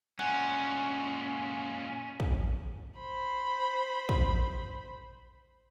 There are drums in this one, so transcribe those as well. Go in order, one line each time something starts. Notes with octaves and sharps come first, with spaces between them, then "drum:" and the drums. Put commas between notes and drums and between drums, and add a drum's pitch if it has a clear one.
A#2 G#3 C#4 F#5 G#5 F#6
drum: kick
C5 B5
drum: kick